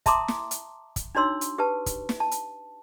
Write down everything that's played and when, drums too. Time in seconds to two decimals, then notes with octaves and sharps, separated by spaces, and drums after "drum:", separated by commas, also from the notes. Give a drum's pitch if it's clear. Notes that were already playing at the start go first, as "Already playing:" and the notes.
0.06 E5 A5 A#5 C6 D6 D#6, drum: kick, hi-hat
0.28 drum: snare
0.51 drum: hi-hat
0.96 drum: kick, hi-hat
1.15 D4 D#4 F#4 C#5 C6 E6
1.41 drum: hi-hat
1.58 G4 B4 A5
1.86 drum: kick, hi-hat
2.09 drum: snare
2.20 A5
2.31 drum: hi-hat